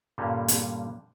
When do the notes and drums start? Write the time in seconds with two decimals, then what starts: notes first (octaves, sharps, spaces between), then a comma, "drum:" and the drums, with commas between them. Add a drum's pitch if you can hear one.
0.18 G2 A#2 D3 G3 A#3 C#4
0.48 drum: hi-hat